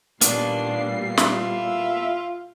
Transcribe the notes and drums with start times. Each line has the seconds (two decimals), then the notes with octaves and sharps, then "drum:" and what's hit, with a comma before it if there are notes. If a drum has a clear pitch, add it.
0.21 A#2 D#3 G3 A#3 B3 D4 C7, drum: hi-hat
1.17 A3 E4 F4 E5, drum: snare